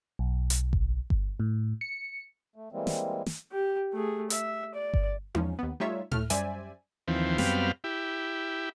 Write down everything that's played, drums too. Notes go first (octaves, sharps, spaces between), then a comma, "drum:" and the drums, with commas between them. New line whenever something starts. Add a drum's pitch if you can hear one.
B1
drum: hi-hat
drum: kick G1
drum: kick G1
A2
C#7
A3
E3 G3 G#3 A#3 C4
drum: snare
drum: snare
G4
A3 G#4
E5, drum: hi-hat
D5
drum: kick G1
E2 F3 C#4, drum: tom D#4
D#2 B3
G3 A3 D#4 F4 C#5 E5
A2 A3 F6, drum: tom A2
F#2 G3 C5 D5 E5 G#5, drum: hi-hat
D#2 E3 F3 C4
F#2 G3 B3 C4 F5, drum: snare
E4 G4